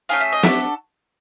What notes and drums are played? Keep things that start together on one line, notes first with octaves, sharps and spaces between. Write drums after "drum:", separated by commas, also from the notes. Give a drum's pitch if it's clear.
A3 C#4 F4 G#4 F5
E5
D#5
D4 F#4 A4 E5, drum: snare